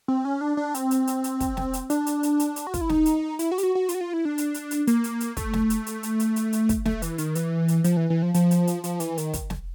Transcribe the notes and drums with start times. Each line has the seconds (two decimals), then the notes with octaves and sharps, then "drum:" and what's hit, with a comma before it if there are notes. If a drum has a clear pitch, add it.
0.08 C4
0.25 C#4
0.41 D4
0.57 D4
0.74 C4, drum: hi-hat
0.91 drum: hi-hat
1.07 drum: hi-hat
1.24 drum: hi-hat
1.40 drum: kick, hi-hat
1.57 drum: snare
1.73 drum: hi-hat
1.90 D4, drum: hi-hat
2.07 drum: hi-hat
2.23 drum: hi-hat
2.40 drum: hi-hat
2.56 drum: hi-hat
2.67 F#4
2.74 F4, drum: kick, hi-hat
2.81 E4
2.89 D#4, drum: snare
3.06 drum: hi-hat
3.39 E4, drum: hi-hat
3.51 F#4
3.58 G4, drum: hi-hat
3.63 F#4
3.75 F#4
3.89 F4, drum: hi-hat
3.95 F#4
4.01 F4
4.13 E4
4.25 D4
4.38 drum: hi-hat
4.54 drum: hi-hat
4.71 drum: hi-hat
4.87 A#3, drum: hi-hat
5.04 drum: hi-hat
5.20 drum: hi-hat
5.37 A3, drum: kick, hi-hat
5.53 drum: snare
5.70 drum: hi-hat
5.87 drum: hi-hat
6.03 drum: hi-hat
6.20 drum: hi-hat
6.36 drum: hi-hat
6.53 drum: hi-hat
6.69 drum: kick, hi-hat
6.86 A3, drum: snare
7.02 E3, drum: hi-hat
7.18 D#3, drum: hi-hat
7.35 E3, drum: hi-hat
7.68 drum: hi-hat
7.84 F3, drum: hi-hat
7.97 E3
8.10 E3
8.22 F3
8.34 F3, drum: hi-hat
8.51 drum: hi-hat
8.67 drum: hi-hat
8.84 F3, drum: hi-hat
9.00 E3, drum: hi-hat
9.18 D#3, drum: hi-hat
9.33 drum: kick, hi-hat
9.50 drum: snare